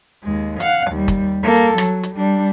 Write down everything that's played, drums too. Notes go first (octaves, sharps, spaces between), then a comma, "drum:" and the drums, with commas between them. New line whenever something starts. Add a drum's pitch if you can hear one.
D#2 G#3
F5 F#5, drum: hi-hat
D#2 G3
drum: kick, hi-hat
A#3 A4
drum: hi-hat
F#3, drum: rim click
drum: hi-hat
G3 D4